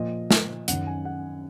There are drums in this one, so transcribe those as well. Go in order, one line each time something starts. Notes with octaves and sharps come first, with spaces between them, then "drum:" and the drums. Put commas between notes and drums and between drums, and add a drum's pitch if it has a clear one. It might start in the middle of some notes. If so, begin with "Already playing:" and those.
Already playing: A#2 F3 D#5
drum: snare
F#2 D#3 F#5, drum: hi-hat
G#5
F#5